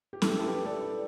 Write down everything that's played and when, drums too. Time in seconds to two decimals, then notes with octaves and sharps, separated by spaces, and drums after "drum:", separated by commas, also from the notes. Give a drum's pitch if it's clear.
0.13 G4
0.22 E4 A4, drum: snare C#4
0.30 G4
0.39 E4 A4
0.48 G4 B4
0.65 A4 D5